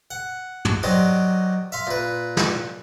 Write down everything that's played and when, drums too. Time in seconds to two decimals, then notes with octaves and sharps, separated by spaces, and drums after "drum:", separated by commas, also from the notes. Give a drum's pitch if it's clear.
0.11 F#5
0.65 drum: tom
0.83 D#3 F#3 D4 D#4 G4 C5
1.72 E5 F5 C6
1.87 A#2 B4
2.37 drum: snare